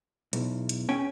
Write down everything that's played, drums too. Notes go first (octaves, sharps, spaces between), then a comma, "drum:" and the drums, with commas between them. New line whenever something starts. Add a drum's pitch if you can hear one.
B1 E2, drum: hi-hat
drum: hi-hat
C#4 G5 G#5